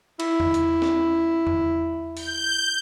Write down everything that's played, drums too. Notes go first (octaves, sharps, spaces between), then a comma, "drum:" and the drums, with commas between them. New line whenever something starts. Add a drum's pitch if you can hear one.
E4, drum: cymbal
drum: tom E2
drum: hi-hat
drum: snare
drum: tom E2
G6, drum: open hi-hat